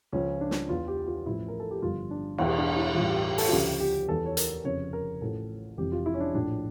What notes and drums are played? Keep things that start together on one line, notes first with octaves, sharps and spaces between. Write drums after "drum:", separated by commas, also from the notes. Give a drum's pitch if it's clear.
C#2 C#3 F3 C#4
D4
drum: snare
E2 E3 F4
G4
F4
A1 A2 F3 E4
A#4
A4
G4
G1 G2 D3 F3 F4
D4
E1 E2 E3 E4, drum: cymbal
D4
E4
A1 G2 E3 F4
G4
G4
A4, drum: open hi-hat
F4
D2 C#3 F3 G4
G4
E2 E3 A4
C#5
A#4, drum: hi-hat
F1 F2 C#3 C#5
A#4
A1 A2 F3 A4
F1 F2 E3 G4
F4
E4
C#4
D4
A#1 A2 F3 D4